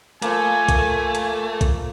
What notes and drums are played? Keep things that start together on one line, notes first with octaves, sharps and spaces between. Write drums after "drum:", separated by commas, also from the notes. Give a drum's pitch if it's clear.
F3 A3 A#3 G#5, drum: hi-hat
drum: kick B1, hi-hat
drum: hi-hat
drum: kick B1, hi-hat